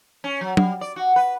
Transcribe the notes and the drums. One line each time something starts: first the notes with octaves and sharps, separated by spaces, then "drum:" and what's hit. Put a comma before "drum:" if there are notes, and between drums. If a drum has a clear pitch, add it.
C#4
F#3
G3, drum: tom F#3
D5
F#4
B4